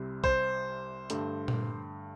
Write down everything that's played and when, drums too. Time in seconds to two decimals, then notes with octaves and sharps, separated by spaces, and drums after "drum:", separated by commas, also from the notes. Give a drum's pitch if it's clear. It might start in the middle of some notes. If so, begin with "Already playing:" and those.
Already playing: C2 C3 G3 C4
0.24 C5, drum: kick A#1
1.10 G2 D3 A3, drum: hi-hat
1.48 drum: tom A#2